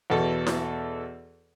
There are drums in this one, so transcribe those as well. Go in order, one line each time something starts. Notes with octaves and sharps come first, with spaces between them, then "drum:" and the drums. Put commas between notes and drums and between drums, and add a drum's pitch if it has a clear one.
E2 B2 A4
drum: snare E4